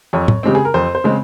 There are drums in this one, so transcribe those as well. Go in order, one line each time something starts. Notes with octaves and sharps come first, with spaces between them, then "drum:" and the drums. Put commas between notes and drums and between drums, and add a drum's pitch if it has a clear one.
F2 C#5
drum: tom
C#3 G#3 C4 G4
G#4
A#4
F2 C5
C5
C#3 G#3 C4